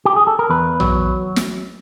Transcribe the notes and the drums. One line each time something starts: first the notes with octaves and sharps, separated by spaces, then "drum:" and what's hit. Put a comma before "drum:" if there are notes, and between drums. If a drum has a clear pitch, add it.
G4
G#4
A4
A#4
E2 B4
F#3, drum: tom A#1
drum: snare